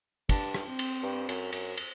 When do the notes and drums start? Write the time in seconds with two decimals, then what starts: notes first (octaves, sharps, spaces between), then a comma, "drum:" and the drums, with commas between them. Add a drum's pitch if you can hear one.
0.29 G2 D4, drum: kick, cymbal
0.54 drum: rim click
0.67 C4
0.79 drum: cymbal
1.03 G2
1.29 F#2, drum: cymbal
1.53 F#2, drum: cymbal
1.77 drum: cymbal